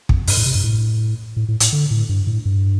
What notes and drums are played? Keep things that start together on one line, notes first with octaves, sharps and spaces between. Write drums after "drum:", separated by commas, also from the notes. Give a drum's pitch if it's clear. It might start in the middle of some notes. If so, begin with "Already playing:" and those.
F2, drum: kick
G2, drum: open hi-hat
A2
C3
G2
A2
A2
A2
A2, drum: hi-hat
D3
A2
G2
A2
G2